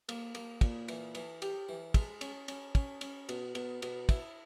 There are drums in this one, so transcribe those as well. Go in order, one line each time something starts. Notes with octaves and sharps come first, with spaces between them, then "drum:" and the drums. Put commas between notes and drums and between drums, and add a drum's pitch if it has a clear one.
A#3, drum: cymbal
A#3, drum: cymbal
A#2, drum: kick, cymbal
E3, drum: cymbal
E3, drum: cymbal
G4, drum: cymbal
E3
G#3, drum: kick, cymbal
C#4, drum: cymbal
C#4, drum: cymbal
C#4, drum: kick, cymbal
C#4, drum: cymbal
B2, drum: cymbal
B2, drum: cymbal
B2, drum: cymbal
E4, drum: kick, cymbal